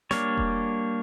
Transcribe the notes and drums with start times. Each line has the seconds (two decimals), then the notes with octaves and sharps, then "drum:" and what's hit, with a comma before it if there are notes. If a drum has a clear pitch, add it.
0.11 G3 A#3 D4 C#5, drum: snare
0.38 drum: kick E1